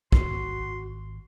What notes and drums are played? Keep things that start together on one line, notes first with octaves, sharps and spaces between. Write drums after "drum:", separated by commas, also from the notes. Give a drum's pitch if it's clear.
G#1 F#4 C6, drum: kick